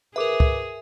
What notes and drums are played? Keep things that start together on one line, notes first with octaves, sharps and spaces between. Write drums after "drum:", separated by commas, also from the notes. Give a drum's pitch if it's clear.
G#4 A#4 B4 E5 D6
drum: kick C#2